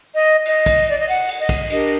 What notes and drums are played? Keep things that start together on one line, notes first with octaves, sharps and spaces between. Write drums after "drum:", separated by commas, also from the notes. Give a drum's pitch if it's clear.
D#5
D#5, drum: cymbal
drum: kick, cymbal
D5
D#5
F#5, drum: cymbal
drum: cymbal
D#5
drum: kick, cymbal
D4 G4 A#4 D#5, drum: cymbal